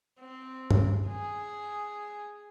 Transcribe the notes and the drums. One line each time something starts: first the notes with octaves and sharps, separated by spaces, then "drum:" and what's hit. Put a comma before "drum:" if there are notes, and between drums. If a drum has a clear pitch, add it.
C4
drum: tom G2
G#4